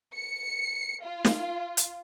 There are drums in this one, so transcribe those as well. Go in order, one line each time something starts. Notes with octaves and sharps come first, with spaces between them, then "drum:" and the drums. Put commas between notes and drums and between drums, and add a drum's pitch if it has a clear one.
C#7
F4
drum: snare
drum: hi-hat